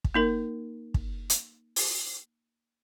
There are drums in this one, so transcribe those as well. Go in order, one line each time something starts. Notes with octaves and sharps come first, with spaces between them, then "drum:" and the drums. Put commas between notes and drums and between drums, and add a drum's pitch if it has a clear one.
drum: kick
A#3 D#4 A#4
drum: kick
drum: hi-hat
drum: open hi-hat